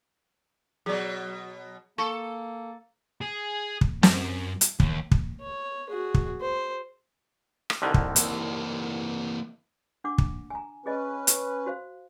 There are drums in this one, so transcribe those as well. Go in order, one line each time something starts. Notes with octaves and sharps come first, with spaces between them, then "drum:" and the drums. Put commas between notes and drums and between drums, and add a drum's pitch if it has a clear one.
B2 F#3 G#4 D5
A#3 A4 A5 C#6
G#4
drum: kick
F#2, drum: snare
drum: hi-hat
D#2, drum: kick
drum: kick
C#5
F#4 G#4
drum: kick
C5
drum: rim click
C2 D3 D#3
drum: kick
E3 A#3, drum: hi-hat
D4 F#5 D6
drum: kick
G#5 A#5
C#4 G#4 B4 D#5 G#5
drum: hi-hat
F#4 C5 F5